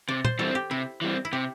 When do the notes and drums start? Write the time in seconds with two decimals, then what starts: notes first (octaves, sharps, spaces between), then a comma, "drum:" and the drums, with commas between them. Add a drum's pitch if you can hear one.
0.08 C3 D5
0.25 C5, drum: tom
0.39 E3 G3 C4 A4
0.55 G4
0.71 C3 E4
1.01 E3 G3 C4
1.25 E4
1.33 C3 G4